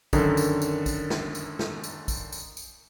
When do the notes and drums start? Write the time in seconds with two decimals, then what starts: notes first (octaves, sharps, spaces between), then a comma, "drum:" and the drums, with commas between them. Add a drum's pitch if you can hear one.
0.13 F#2 D3 D#3, drum: kick, tambourine
0.37 drum: tambourine
0.62 drum: tambourine
0.86 drum: kick, tambourine
1.10 drum: snare
1.35 drum: tambourine
1.59 drum: snare
1.84 drum: tambourine
2.08 drum: kick, tambourine
2.32 drum: tambourine
2.57 drum: tambourine